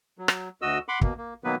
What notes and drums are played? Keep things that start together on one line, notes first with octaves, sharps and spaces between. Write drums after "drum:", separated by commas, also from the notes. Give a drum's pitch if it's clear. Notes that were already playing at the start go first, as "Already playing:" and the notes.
F#3
drum: rim click
D2 F#4 D#5 E6
F#5 B5 C6 D6
B2 A#3, drum: kick
A#3
B2 D#3 F#3 A#3 B3 B4